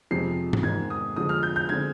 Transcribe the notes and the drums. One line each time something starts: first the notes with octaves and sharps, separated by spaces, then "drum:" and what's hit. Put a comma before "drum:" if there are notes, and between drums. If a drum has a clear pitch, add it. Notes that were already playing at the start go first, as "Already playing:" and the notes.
F2 C3 F3 G#3 C7
drum: tom G#2
G#2 D#3 G#3 G#6
D#6
D3 F3 G#3 D#6
F6
G6
G6
D3 G#3 C4 G#6